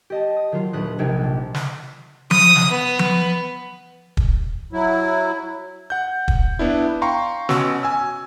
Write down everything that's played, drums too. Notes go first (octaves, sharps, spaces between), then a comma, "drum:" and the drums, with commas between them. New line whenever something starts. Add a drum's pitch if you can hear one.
G4 D#5 A5
D#6
D#3 F#3 F4
D#1 D4 B4 D#6 F#6
A#1 C3 D#4 G#6 D7
F3 D4
drum: snare
D#6, drum: tom F3
drum: snare
B3
drum: tom F3
drum: kick
F#3 E4
F#5 G6
drum: kick
B3 D4 E4
F5 G5 A#5 C6 C#6
B2 C#4 F#4 E6, drum: snare
G#5 E6